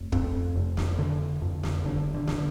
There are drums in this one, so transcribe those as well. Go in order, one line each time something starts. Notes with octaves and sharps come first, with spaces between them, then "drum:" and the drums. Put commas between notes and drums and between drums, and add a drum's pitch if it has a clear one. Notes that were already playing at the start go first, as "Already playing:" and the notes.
Already playing: F1
F2 C4, drum: kick
F1
drum: snare
D3
F2
drum: snare
F1 D3
D3
D3, drum: snare